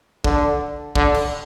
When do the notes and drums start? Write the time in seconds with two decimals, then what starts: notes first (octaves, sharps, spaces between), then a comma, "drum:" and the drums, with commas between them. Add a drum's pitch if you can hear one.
0.24 D3, drum: kick
0.95 D3, drum: kick
1.14 drum: cymbal